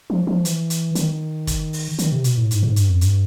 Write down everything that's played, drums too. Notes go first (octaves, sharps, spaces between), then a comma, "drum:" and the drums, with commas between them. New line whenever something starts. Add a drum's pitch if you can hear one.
F3
F3
E3, drum: hi-hat
drum: hi-hat
D#3, drum: hi-hat
drum: kick, hi-hat
drum: open hi-hat
D#3, drum: hi-hat
C3
B2, drum: hi-hat
A2
G#2, drum: hi-hat
G#2
G2, drum: hi-hat
F2
G2, drum: hi-hat